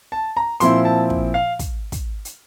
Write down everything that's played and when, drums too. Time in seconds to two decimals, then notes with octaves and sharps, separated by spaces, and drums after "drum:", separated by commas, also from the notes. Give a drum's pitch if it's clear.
0.12 A5
0.37 A#5
0.60 A#2 F3 C4 E4 C6, drum: hi-hat
0.85 A5
1.10 drum: kick
1.34 F5
1.59 drum: kick, hi-hat
1.92 drum: kick, hi-hat
2.25 drum: hi-hat